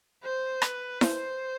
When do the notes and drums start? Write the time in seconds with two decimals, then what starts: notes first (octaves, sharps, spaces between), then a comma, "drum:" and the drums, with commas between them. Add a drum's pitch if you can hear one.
0.24 C5
0.62 B4, drum: rim click
1.01 C5, drum: snare E4